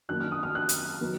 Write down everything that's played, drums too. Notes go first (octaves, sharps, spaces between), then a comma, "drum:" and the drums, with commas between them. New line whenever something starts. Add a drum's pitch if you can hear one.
F#2 D#3 A#3 F#6
F6
D#6
F6
F#6
drum: hi-hat
D#3 F#3 B3